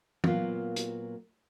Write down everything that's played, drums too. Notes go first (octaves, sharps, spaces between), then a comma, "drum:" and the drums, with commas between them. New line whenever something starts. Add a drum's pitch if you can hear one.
A#2 F#3 A#3 B3 F4, drum: tom E3
drum: hi-hat